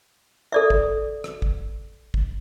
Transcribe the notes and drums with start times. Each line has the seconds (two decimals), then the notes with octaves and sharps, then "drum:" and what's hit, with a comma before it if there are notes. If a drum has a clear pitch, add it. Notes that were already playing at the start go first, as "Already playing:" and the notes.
0.52 A4 D5 E5
0.70 drum: kick
1.24 drum: rim click
1.42 drum: kick
2.14 drum: kick